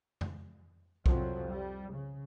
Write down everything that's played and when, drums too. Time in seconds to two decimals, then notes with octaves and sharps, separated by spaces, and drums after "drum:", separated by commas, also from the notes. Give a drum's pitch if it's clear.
0.21 drum: tom F2
1.06 C2 F2 F3 F#3, drum: kick B1
1.48 G3
1.91 C#3